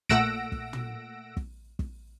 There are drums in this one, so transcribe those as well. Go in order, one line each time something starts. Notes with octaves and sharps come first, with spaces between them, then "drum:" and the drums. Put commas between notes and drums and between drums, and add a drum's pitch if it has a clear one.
A#2 A3 F#5 E6 A#6 D7, drum: kick
drum: kick
drum: tom
drum: kick
drum: kick